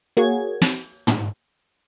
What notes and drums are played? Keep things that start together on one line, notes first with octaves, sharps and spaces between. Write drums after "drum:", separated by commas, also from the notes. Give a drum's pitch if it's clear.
A#3 F#4 G#4 C#5 G#6
drum: snare
drum: tom